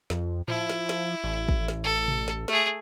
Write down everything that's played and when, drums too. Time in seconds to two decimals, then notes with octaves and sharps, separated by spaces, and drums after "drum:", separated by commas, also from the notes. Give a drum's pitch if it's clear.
0.10 F2, drum: snare
0.48 F3 E4, drum: tom A2
0.69 drum: snare
0.89 drum: snare
1.24 A1
1.49 drum: kick
1.68 drum: snare
1.84 A4
2.08 drum: tom B2
2.28 drum: snare
2.48 A3 G#4, drum: snare